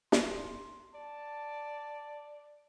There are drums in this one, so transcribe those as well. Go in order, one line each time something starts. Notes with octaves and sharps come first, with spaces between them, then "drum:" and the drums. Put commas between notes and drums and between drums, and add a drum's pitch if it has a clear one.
C6, drum: snare
D5 A5